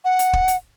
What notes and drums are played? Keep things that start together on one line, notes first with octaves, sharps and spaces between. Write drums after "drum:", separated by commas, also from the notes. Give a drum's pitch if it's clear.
F#5
drum: hi-hat
drum: kick
drum: hi-hat